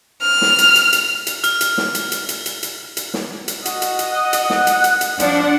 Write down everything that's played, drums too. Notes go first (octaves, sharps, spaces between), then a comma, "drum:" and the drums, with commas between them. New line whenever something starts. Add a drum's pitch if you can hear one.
F6
drum: snare
drum: hi-hat
drum: hi-hat
drum: hi-hat
drum: hi-hat
F6, drum: hi-hat
drum: hi-hat
drum: snare
drum: hi-hat
drum: hi-hat
drum: hi-hat
drum: hi-hat
drum: hi-hat
drum: hi-hat
drum: snare
drum: hi-hat
F#4 D#5, drum: hi-hat
drum: hi-hat
drum: hi-hat
F#5
drum: hi-hat
drum: snare
drum: hi-hat
drum: hi-hat
drum: hi-hat
F3 D4 F#5, drum: hi-hat